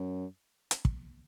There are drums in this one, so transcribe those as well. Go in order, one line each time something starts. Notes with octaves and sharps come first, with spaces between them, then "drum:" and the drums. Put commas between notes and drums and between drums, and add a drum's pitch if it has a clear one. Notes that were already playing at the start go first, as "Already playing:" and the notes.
Already playing: F#2
drum: hi-hat
drum: kick